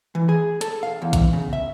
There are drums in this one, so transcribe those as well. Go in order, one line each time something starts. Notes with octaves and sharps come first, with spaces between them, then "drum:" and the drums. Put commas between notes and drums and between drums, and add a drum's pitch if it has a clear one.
E3
G#4
A4, drum: hi-hat
F5
E2
drum: kick A#1, hi-hat
C#3
E5